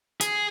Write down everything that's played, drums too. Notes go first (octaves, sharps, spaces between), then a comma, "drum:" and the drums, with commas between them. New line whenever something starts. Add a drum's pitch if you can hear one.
G#4, drum: hi-hat